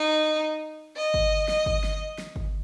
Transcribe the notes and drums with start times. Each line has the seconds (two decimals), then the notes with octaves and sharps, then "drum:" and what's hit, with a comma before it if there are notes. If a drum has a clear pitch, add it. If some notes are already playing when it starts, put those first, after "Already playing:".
Already playing: D#4
0.97 D#5
1.14 drum: kick G1
1.48 D#5, drum: snare
1.66 drum: kick G1
1.84 drum: snare
2.18 drum: snare
2.36 drum: kick G1